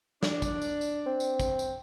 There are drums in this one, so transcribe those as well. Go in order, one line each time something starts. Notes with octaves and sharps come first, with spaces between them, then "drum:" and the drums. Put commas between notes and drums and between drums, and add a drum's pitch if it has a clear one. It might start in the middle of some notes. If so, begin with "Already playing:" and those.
D4, drum: snare
drum: kick, tambourine
drum: tambourine
drum: tambourine
C4
drum: tambourine
drum: kick, tambourine
drum: tambourine